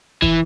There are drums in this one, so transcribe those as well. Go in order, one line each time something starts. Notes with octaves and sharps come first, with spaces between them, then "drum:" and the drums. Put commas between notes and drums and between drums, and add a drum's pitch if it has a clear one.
E3, drum: kick